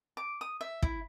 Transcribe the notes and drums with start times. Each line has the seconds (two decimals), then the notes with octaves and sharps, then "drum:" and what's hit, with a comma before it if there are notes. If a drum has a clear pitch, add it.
0.17 D6
0.41 D#6
0.61 E5
0.83 E4, drum: kick